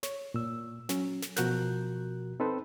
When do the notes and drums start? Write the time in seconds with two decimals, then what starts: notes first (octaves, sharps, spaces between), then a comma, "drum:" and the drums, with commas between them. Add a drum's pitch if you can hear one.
0.03 C#5, drum: snare
0.34 A#2 E6
0.89 F#3 C#4, drum: snare
1.22 drum: snare
1.36 B2 F3 F#4 A#4 F#6 G6, drum: snare
2.40 C4 D#4 A4 B4 C5